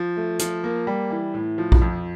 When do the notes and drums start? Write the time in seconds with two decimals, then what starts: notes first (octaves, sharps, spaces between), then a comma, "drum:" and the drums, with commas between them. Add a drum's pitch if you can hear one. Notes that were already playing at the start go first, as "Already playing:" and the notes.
Already playing: F3
0.17 A3
0.39 F3, drum: hi-hat
0.64 A#3
0.87 G3
1.10 E3
1.34 A2
1.58 F3
1.72 drum: kick A#1
1.82 F2